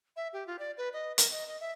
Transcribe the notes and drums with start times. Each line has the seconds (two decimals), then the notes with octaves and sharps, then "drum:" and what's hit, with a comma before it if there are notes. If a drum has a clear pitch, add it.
0.16 E5
0.33 G4
0.47 F4
0.59 D5
0.78 B4
0.93 D#5
1.18 A#4, drum: hi-hat
1.31 D#5
1.47 D#5
1.60 E5